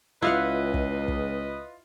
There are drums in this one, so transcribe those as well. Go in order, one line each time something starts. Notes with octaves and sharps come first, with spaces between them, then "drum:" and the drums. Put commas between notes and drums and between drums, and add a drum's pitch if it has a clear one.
C#2 E4 F4 B4 D#5 F5 F#5
drum: kick
drum: kick